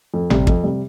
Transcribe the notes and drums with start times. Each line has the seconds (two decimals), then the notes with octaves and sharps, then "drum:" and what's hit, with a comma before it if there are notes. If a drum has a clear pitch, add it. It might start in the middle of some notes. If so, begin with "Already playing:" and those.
0.14 F2
0.30 C3 G3, drum: tom G#1
0.47 F2, drum: kick
0.64 C3 G3